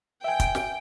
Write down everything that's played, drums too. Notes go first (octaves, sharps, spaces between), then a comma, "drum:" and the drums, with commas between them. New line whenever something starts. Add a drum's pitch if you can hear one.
E5 G5 G#5
drum: kick, hi-hat
drum: snare